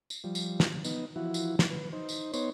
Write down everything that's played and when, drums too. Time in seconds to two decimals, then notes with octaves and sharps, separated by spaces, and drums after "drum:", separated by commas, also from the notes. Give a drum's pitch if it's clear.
0.10 drum: tambourine
0.24 F3 G3
0.35 drum: tambourine
0.60 drum: snare
0.84 B3 D#4, drum: tambourine
1.16 E3 F3 E4 F#4
1.34 drum: tambourine
1.59 drum: snare
1.70 B4
1.93 D#4 C5
2.09 drum: tambourine
2.33 B3 D#4 C#5 C6, drum: tambourine